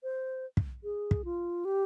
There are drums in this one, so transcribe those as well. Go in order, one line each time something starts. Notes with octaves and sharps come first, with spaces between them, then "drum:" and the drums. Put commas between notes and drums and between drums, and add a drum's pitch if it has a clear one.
C5
drum: kick
G#4
drum: kick
F4
G4